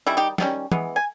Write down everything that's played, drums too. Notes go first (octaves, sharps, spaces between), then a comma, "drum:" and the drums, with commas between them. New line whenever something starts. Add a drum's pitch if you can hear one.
D#3 G3 C#4 E4
D#4 G4
D#3 G3 C#4, drum: snare
E3 G#3 B3, drum: tom
G#5